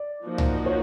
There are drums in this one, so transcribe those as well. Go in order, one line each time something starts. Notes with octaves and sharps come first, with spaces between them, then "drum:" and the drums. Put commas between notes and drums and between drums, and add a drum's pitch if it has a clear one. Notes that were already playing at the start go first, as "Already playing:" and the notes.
Already playing: D5
F3 A#3 D#4 F#4
drum: tom C2
C#5